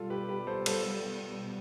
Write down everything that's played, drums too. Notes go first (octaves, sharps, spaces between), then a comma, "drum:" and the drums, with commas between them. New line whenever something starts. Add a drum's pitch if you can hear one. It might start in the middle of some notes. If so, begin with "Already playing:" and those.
Already playing: B2 G3 B3 F4 A4
G4 B4
G4 B4
A4 C5
A4 C5, drum: cymbal